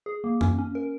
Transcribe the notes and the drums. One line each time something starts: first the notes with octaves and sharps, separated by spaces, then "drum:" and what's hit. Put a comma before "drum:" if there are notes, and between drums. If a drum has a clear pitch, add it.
G#4
A#3
C#4, drum: tom F#2
C#4
A#4